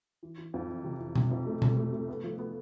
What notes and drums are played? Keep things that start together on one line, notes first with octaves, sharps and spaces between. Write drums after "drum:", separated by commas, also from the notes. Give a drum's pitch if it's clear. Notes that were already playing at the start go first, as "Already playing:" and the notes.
E3
E3
F2
E3
C3
E3
C3, drum: tom B2
F2
A3
C3, drum: tom B2
A3
A3
B3
F3
B3